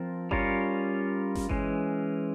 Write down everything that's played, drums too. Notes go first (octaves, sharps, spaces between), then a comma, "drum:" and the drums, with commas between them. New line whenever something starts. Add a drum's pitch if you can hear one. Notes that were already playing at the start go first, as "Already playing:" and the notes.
Already playing: F3 C4 F4 A#4
G3 C#4 F4 A#4 C#5, drum: kick G1
drum: snare G1
E3 G#3 C#4, drum: kick G1